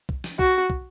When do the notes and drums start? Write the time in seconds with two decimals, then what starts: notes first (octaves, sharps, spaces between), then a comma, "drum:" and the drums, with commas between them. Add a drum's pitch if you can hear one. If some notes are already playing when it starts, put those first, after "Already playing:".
0.09 drum: kick
0.24 drum: snare
0.39 F#4, drum: kick
0.70 drum: kick